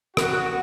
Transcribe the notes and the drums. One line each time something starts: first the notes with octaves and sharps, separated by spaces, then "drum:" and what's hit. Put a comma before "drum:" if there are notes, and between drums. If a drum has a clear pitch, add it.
F#4, drum: rim click